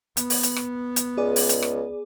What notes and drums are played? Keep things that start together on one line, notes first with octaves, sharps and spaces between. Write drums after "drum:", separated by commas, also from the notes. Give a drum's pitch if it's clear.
B3, drum: hi-hat
drum: open hi-hat
drum: hi-hat
drum: rim click
drum: hi-hat
C#2 G#4 D5
drum: open hi-hat
drum: hi-hat
drum: rim click